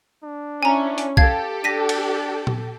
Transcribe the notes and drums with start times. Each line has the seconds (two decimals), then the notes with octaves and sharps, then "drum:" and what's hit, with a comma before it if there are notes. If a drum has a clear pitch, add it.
0.24 D4
0.63 C#4 E4 G#5 A#5
0.98 drum: hi-hat
1.17 G4 A4 F5 A5 G#6, drum: kick
1.64 D4 A#6 B6 D#7
1.89 drum: cymbal
2.47 drum: tom A#2